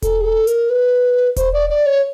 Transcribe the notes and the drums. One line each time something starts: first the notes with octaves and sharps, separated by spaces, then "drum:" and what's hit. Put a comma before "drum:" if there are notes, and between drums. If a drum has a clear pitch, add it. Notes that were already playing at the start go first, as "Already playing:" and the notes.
A4, drum: kick E1, hi-hat
G#4
A4
A#4, drum: hi-hat
B4
C5, drum: kick E1, hi-hat
D5
D5
C#5